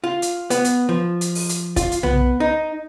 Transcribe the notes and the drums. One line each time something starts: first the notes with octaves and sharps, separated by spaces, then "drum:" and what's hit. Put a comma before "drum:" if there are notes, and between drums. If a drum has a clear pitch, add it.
F4
drum: hi-hat
B3, drum: hi-hat
drum: hi-hat
F3
drum: hi-hat
drum: open hi-hat
drum: hi-hat
F4, drum: kick, hi-hat
drum: hi-hat
B3, drum: tom B1
D#4